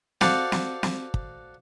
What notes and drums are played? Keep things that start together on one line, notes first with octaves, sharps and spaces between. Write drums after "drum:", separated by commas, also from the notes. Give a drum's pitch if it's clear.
F#4 A4 C5 D5 F5 F#5, drum: snare
drum: snare
drum: snare
drum: kick